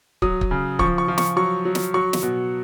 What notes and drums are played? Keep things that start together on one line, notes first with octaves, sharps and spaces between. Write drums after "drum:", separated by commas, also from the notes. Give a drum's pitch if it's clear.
F#3 D#6, drum: kick
drum: kick
C#3
F3 C#6, drum: kick
C#6
F3
C#6, drum: snare
F#3 C#6
F#3
drum: snare
F#3 C#6
drum: snare
B2